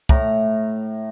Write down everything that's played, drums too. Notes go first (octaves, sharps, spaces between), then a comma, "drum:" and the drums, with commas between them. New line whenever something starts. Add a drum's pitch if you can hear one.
A2 A#5, drum: kick